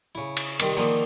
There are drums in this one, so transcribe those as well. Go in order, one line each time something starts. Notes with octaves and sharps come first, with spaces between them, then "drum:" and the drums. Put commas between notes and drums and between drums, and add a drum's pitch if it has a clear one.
C#3 E4
drum: cymbal
C2 D#3 C4, drum: cymbal
D3 D#3 F3 A#3 G#4 C5